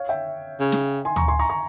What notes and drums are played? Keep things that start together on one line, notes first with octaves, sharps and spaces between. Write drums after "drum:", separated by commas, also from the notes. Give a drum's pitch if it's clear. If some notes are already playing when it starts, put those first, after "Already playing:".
Already playing: C#5 F5
E5 G5
C#3
drum: snare
G#5 C6
A#5 C#6, drum: tom D2
G#5 C6
A#5 C#6
A#5 C#6